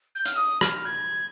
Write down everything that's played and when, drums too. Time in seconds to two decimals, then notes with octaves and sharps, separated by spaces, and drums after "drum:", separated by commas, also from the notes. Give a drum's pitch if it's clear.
0.15 G6
0.25 F6, drum: hi-hat
0.36 D#6
0.61 F6, drum: rim click
0.85 G#6